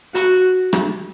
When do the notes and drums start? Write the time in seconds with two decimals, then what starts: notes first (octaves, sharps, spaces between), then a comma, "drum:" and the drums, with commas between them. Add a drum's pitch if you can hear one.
0.15 F#4, drum: hi-hat
0.73 drum: rim click